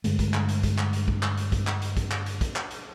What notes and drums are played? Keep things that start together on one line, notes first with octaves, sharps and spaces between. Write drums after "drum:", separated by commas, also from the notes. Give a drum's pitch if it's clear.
G2 D3 G#3 A3, drum: hi-hat
drum: kick, hi-hat
drum: clap
drum: hi-hat
drum: kick, hi-hat
drum: clap
drum: hi-hat
drum: kick
drum: clap
drum: hi-hat
drum: kick, hi-hat
drum: clap
drum: hi-hat
drum: kick, hi-hat
drum: clap
drum: hi-hat
drum: kick, hi-hat
drum: clap
drum: hi-hat